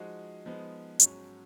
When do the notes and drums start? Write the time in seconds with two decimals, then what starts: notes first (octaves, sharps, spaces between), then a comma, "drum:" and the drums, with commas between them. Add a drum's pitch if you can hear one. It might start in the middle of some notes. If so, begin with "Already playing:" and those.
Already playing: F3 G#3 D#4 F#4
0.46 F3 G#3 B3 D#4
0.99 G#2 F#3 C#4, drum: hi-hat